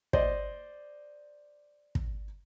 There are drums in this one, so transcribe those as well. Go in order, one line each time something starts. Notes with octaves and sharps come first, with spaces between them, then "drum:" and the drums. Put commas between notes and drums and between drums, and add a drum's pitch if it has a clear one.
C5 D5 D#5, drum: kick
drum: kick